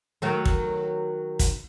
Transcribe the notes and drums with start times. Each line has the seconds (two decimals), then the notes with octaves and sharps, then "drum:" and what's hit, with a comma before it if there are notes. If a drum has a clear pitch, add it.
0.22 D#3 F#3 A3
0.45 drum: kick
1.39 drum: kick, hi-hat